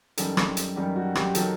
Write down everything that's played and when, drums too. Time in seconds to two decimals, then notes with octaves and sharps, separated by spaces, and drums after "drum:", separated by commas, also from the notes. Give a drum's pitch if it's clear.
0.17 F#2 D#3 G3 A4, drum: hi-hat
0.37 drum: rim click
0.57 drum: hi-hat
0.76 F#2 D#3 G3 G4
0.96 F#4
1.15 G4, drum: rim click
1.35 D#3 F#3 A4, drum: hi-hat